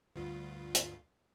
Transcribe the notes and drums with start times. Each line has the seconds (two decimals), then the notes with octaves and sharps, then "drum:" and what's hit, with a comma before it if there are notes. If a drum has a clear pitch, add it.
0.16 D2 G2 F4
0.75 drum: hi-hat